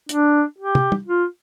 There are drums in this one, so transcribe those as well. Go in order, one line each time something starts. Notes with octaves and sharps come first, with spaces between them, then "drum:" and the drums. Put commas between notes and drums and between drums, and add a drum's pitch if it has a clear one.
D4, drum: hi-hat
G4
drum: tom
drum: tom
F4